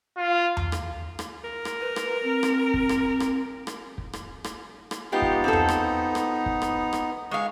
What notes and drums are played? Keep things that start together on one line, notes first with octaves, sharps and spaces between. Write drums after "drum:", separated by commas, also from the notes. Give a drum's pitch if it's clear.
F4
drum: tom E2
drum: rim click
drum: rim click
A#4
drum: rim click
B4
drum: rim click
C4
drum: rim click
drum: kick
drum: rim click
drum: rim click
drum: rim click
drum: kick
drum: rim click
drum: rim click
drum: rim click
G#3 B3 D#4 F4 G4
drum: kick
C4 F4 A4
drum: tom E2
drum: rim click
drum: rim click
drum: kick
drum: rim click
drum: rim click
G#3 G#4 F5 C#6